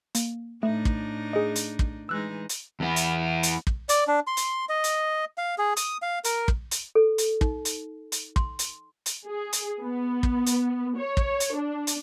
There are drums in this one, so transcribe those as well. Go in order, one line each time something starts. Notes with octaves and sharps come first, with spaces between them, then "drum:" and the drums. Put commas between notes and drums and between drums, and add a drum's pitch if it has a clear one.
A#3, drum: hi-hat
A2 A3 D4 D#4
drum: kick
G#4 D#5
drum: hi-hat
drum: kick
E3 G#3 D#4 E6 F#6
drum: hi-hat
E2 B3
drum: hi-hat
drum: hi-hat
drum: kick
D5, drum: hi-hat
D4
C6
drum: hi-hat
D#5
drum: hi-hat
F5
G#4
D#6, drum: hi-hat
F5
A#4, drum: hi-hat
drum: kick
drum: hi-hat
A4
drum: hi-hat
D#4, drum: kick
drum: hi-hat
drum: hi-hat
C6, drum: kick
drum: hi-hat
drum: hi-hat
G#4
drum: hi-hat
B3
drum: kick
drum: hi-hat
C#5
drum: kick
drum: hi-hat
D4
drum: hi-hat